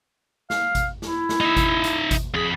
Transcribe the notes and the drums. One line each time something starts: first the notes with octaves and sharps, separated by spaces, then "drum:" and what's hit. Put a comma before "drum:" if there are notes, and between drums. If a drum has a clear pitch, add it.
F5, drum: snare
drum: kick G#1, hi-hat
E4, drum: snare
drum: snare
D#4 E5
drum: kick G#1, hi-hat
drum: hi-hat
drum: kick G#1, hi-hat
F2 G#4 B5